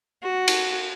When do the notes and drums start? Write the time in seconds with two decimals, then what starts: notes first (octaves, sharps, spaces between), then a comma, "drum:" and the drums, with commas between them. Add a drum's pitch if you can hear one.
0.23 F#4
0.48 drum: cymbal